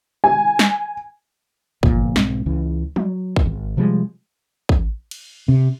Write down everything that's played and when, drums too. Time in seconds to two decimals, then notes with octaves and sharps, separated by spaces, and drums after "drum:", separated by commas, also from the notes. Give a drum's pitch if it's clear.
0.24 G#5
0.59 drum: snare
1.83 G1 A#2 F3, drum: kick
2.16 B1 G#2 C4, drum: snare
2.46 C#2 C#3 E3
2.96 F#3, drum: tom
3.36 drum: kick
3.46 G#1
3.77 C3 F3 G3 G#3
4.69 drum: kick
5.11 drum: cymbal
5.48 C3